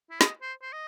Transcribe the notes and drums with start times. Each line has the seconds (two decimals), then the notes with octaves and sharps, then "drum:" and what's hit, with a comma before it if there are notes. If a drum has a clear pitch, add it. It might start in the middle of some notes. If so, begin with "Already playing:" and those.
0.11 E4
0.21 D#5, drum: snare
0.42 C5
0.62 C5
0.73 D#5